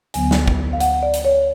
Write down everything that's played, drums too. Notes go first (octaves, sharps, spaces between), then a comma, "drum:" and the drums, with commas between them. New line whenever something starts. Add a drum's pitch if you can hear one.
D2 D3 F#3 B3 G#5, drum: hi-hat
drum: snare
drum: kick
F5
F#5, drum: hi-hat
D5
drum: hi-hat
C#5